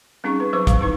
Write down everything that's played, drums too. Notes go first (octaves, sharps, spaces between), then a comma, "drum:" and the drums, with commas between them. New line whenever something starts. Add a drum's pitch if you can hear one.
G3 C4 C#4 D#4 G#4 C#6
B4
F#3 B4 C5 C#6 D6
F5, drum: kick, hi-hat
D#4 E4 B4